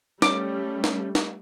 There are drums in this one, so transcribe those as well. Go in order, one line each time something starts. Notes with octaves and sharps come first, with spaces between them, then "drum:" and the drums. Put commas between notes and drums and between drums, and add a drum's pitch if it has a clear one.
G3 A3 C#4 D6, drum: snare
drum: snare
drum: snare